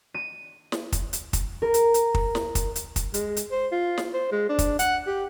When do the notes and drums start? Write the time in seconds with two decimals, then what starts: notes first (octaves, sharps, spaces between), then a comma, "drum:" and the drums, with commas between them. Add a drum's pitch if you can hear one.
0.14 D#7
0.72 drum: snare
0.92 drum: kick, hi-hat
1.13 drum: hi-hat
1.33 drum: kick, hi-hat
1.62 A#4
1.74 drum: hi-hat
1.94 drum: hi-hat
2.14 drum: kick
2.35 drum: snare
2.55 drum: kick, hi-hat
2.76 drum: hi-hat
2.96 drum: kick, hi-hat
3.14 G#3, drum: hi-hat
3.37 drum: hi-hat
3.52 C5
3.72 F4
3.98 drum: snare
4.14 C5
4.32 G#3
4.49 D4
4.59 drum: kick, hi-hat
4.79 F#5, drum: hi-hat
5.07 G4